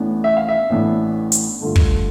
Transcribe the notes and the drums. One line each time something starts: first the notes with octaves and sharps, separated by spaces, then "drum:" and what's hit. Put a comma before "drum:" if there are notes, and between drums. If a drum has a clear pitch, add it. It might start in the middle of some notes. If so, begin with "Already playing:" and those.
Already playing: A1 A2 E3 B3 D4
E5
F5
E5
A1 A2 E3 B3 D4
drum: hi-hat
G2 D3 A3 D4 F4
drum: kick